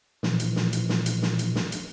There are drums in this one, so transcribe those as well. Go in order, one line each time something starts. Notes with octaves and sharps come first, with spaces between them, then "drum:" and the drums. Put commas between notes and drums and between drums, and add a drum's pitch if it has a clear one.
A#2 E3 F3, drum: snare
drum: hi-hat
drum: snare
drum: hi-hat
drum: snare
drum: hi-hat
drum: snare
drum: hi-hat
drum: snare
drum: hi-hat